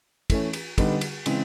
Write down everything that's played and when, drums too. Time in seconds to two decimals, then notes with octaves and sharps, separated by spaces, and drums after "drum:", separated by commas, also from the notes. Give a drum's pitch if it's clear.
0.30 E3 A3 C#4, drum: kick, cymbal
0.53 drum: cymbal
0.78 D3 G3 B3 D#4, drum: kick, cymbal
1.01 drum: cymbal
1.26 C#3 E3 G#3 C4, drum: cymbal